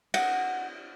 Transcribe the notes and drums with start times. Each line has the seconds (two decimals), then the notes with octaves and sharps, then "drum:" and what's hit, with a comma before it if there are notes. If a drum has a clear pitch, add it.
0.14 F#5, drum: cymbal